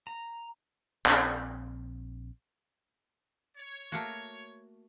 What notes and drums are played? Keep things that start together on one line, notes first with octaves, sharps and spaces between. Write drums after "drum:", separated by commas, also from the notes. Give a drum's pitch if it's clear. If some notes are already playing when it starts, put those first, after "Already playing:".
A#5
A#1 C4, drum: clap
C#5
A3 A#3 F#4